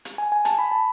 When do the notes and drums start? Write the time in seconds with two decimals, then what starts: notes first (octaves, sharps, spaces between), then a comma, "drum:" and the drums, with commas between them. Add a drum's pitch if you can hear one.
0.05 drum: hi-hat
0.18 G#5
0.32 G#5
0.45 A5, drum: hi-hat
0.59 B5
0.72 A5